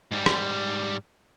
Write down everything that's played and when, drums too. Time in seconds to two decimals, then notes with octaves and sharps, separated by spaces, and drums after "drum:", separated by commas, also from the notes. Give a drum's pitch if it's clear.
0.11 G#2 G3
0.26 drum: rim click